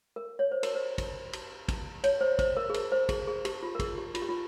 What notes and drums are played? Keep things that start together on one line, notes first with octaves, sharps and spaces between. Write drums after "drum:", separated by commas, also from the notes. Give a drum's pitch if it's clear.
A#4
C#5
C5
A#4, drum: cymbal
C5
drum: kick, cymbal
drum: cymbal
drum: kick, cymbal
C#5, drum: cymbal
C5
C5, drum: kick, cymbal
A#4
G#4
A#4, drum: cymbal
C5
G#4, drum: kick, cymbal
G#4
G4, drum: cymbal
F4
A#4
G#4, drum: kick, cymbal
G4
F4, drum: cymbal
G4
F4